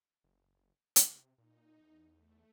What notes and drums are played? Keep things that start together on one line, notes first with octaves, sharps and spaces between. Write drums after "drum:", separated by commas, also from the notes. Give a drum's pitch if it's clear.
F#1
C3, drum: hi-hat
A#2 D#4
E2
A3